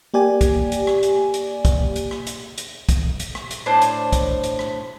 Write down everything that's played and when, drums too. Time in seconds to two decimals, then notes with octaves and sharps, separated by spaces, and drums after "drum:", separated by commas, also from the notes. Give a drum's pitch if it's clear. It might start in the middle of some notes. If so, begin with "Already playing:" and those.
0.14 A#3 G4 D5 G#5
0.41 drum: kick, hi-hat
0.72 drum: hi-hat
0.87 drum: rim click
1.03 drum: hi-hat
1.34 drum: hi-hat
1.65 drum: kick, hi-hat
1.96 drum: hi-hat
2.11 drum: rim click
2.27 drum: hi-hat
2.58 drum: hi-hat
2.89 drum: kick, hi-hat
3.20 drum: hi-hat
3.35 drum: rim click
3.51 drum: hi-hat
3.66 A2 D4 C5 A5
3.82 drum: hi-hat
4.13 drum: kick, hi-hat
4.44 drum: hi-hat
4.59 drum: rim click